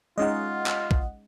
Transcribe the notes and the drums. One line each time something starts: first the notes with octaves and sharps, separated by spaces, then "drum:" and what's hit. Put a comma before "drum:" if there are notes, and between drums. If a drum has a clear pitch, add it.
G#3 C#4 D#4 F4 D#5 F#5
drum: clap
drum: kick